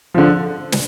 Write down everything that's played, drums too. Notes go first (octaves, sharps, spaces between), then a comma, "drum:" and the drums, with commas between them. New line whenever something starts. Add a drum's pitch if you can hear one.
D3 F3
drum: snare